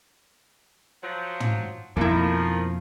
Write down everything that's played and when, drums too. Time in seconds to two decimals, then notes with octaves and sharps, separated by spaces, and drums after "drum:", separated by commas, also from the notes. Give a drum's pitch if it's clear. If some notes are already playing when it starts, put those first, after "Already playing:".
1.02 F3 F#3
1.40 drum: tom
1.97 F2 B2 D#3 F3 A#3 E4, drum: kick